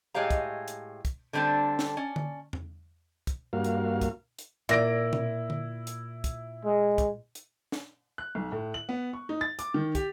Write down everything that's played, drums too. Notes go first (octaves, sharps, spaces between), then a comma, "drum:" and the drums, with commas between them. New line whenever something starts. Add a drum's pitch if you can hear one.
A2 G#3 G4 C#5 F5 A#5
drum: kick, hi-hat
drum: hi-hat
drum: kick, hi-hat
D3 G3 C4 D4 A4
drum: snare
C#4 D5
drum: tom D3
drum: tom E2
drum: kick, hi-hat
G2 A#3 F#4 F5
drum: hi-hat
drum: kick, hi-hat
drum: hi-hat
A#2 E4 A#6 D7
drum: tom B2
drum: tom D3
drum: hi-hat
drum: kick, hi-hat
G#3
drum: kick, hi-hat
drum: hi-hat
drum: snare
F#6
B1
A2
F#7
B3
C#6
D#4
A6
D6, drum: hi-hat
D#3
G4, drum: kick, hi-hat